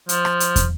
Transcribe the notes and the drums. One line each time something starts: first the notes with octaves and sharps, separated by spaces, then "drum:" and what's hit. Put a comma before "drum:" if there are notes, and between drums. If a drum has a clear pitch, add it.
F3, drum: hi-hat
drum: rim click
drum: hi-hat
drum: kick, hi-hat